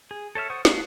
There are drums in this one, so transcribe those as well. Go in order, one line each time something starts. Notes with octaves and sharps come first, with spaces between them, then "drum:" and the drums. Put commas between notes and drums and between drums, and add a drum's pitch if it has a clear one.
G#4
A4 C#5 E5 F6
C5 F#5 C#6 D#6
A3 B3 F#4 B4 F5, drum: snare